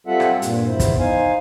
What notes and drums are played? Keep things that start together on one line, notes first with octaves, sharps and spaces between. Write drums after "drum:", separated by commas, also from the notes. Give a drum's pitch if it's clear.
G3 C4 F4 A4 E5 F#5
drum: rim click
G2 A#2, drum: hi-hat
E2 E4 C5
drum: kick, hi-hat
D#4 C5 F5 G#5